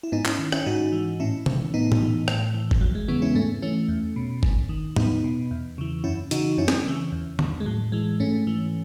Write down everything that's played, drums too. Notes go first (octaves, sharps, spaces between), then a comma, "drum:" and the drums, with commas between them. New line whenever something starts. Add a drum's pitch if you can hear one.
E4
G#2 B3 D#4
C#4 E4, drum: clap
D#3
C#4 E4, drum: rim click
G#2 D#4 F#4
E3
A2 C#4 E4
E3, drum: tom C3
A2 B3 D#4
drum: tom
E3
A2, drum: rim click
E3
drum: kick G1
E2 F#3
G#3
C#3 E3 G#3 B3
C#4 E4
B3
G#2 A3 C#4
E3 A3 C#4
E2
B2
G#2, drum: kick G1
D#3
E2 B3 D#4, drum: tom
B2
E2
C#3 E3
F#2 C#4 E4
C#3 E3 D#4 F#4, drum: hi-hat
F#2 C#4 E4
drum: snare
C#3 E3
E2
D#3, drum: tom D3
G#3
A2 F#3
E3 G#3
G#2 A3 C#4
E3